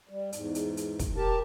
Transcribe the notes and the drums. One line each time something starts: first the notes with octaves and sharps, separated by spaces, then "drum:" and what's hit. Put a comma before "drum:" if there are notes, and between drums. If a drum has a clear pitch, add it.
G3
E2 G#2, drum: hi-hat
drum: hi-hat
drum: hi-hat
drum: kick, hi-hat
G4 A#4 A5